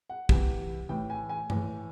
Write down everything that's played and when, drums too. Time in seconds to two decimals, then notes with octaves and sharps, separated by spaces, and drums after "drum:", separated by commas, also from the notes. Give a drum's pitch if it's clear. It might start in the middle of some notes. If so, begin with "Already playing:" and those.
0.10 F#5
0.29 C3 E3, drum: kick
0.89 A2 E3 G5
1.10 G#5
1.29 G#5
1.50 A2 E3, drum: tom G2